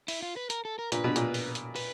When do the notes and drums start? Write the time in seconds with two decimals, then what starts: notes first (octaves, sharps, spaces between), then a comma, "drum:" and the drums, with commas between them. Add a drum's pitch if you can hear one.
0.08 E4, drum: open hi-hat
0.22 F4
0.37 B4
0.50 A#4, drum: hi-hat
0.65 A4
0.79 A#4
0.92 A#2 B4, drum: hi-hat
1.04 B2
1.16 A#2, drum: hi-hat
1.34 drum: open hi-hat
1.55 drum: hi-hat
1.76 B4, drum: open hi-hat